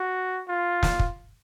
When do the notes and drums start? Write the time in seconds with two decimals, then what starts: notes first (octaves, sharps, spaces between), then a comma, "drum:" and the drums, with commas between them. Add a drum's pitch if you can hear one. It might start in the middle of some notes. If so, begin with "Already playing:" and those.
Already playing: F#4
0.48 F4
0.83 drum: snare
0.99 drum: kick